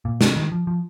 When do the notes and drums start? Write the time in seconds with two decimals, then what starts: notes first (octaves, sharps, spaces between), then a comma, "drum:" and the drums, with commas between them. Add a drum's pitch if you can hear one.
0.05 A#2
0.21 C3, drum: snare
0.36 D#3
0.52 F3
0.67 F3